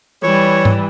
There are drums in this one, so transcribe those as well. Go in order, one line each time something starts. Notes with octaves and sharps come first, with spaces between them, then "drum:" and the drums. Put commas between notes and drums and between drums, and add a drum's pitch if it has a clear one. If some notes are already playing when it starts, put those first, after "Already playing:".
E3 G3 C#5
drum: tom G#2